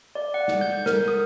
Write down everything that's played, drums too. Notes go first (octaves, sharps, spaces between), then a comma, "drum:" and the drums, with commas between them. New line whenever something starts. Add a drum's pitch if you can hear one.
D5
F#5
drum: snare
G6
A#4, drum: snare
D#6